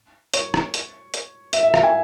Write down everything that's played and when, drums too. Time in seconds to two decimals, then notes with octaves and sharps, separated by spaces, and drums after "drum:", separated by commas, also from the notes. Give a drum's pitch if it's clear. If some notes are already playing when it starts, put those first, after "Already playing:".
0.34 C#5, drum: hi-hat
0.54 drum: rim click
0.74 drum: hi-hat
1.14 drum: hi-hat
1.53 E5, drum: hi-hat
1.63 E5
1.74 F5, drum: rim click
1.83 G#5